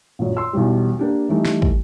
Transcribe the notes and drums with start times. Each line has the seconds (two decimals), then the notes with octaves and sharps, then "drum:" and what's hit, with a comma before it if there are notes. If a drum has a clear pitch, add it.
0.19 A#1 F#2
0.37 C6 E6
0.53 B1 E2 E3 G3
0.99 A#3 D4 G4
1.29 E3 G3 A3 D#4 G4
1.46 drum: snare
1.62 drum: kick